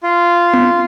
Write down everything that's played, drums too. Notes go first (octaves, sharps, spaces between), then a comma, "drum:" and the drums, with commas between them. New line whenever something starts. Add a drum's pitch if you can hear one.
F4
drum: tom B3